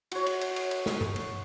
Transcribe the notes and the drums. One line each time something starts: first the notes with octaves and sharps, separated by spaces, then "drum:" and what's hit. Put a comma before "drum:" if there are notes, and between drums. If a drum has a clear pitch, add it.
F#4 C#5, drum: cymbal
drum: cymbal
drum: cymbal
drum: cymbal
drum: cymbal
drum: snare
drum: tom G2
drum: cymbal